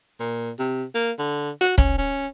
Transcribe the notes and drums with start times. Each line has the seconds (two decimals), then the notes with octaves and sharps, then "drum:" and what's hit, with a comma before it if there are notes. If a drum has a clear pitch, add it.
0.20 A#2
0.59 C3
0.95 A#3
1.19 D3
1.61 F#4
1.78 C#4, drum: kick
1.98 C#4